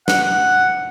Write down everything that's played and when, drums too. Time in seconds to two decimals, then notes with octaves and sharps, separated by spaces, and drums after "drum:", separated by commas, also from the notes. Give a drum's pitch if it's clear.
0.08 F#5, drum: snare